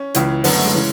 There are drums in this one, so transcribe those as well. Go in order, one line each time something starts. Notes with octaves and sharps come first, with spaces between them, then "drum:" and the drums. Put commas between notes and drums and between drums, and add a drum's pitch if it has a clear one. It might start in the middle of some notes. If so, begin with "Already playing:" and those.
Already playing: C#4
C#2 C#3 E3, drum: hi-hat
F#2 D3 B3, drum: open hi-hat
A3
G#3
C#3 E3